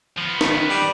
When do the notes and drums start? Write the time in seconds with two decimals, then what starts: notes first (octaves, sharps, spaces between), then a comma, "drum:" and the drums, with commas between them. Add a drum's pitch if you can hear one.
0.17 F3 B3
0.41 D#3, drum: snare
0.70 G3